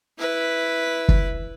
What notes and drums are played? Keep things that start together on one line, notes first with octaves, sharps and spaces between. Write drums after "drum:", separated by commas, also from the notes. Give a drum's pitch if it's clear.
E4 B4
drum: kick